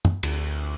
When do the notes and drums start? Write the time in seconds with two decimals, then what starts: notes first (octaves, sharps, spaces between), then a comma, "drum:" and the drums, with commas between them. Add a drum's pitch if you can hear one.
0.05 drum: tom
0.23 D2, drum: cymbal